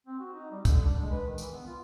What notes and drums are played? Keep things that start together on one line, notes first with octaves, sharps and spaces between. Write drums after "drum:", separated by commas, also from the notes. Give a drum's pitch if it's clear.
C4
F#4
D#4
G3
D3, drum: kick, tambourine
D4
G#3
B4
D#3
E3, drum: tambourine
B3
F4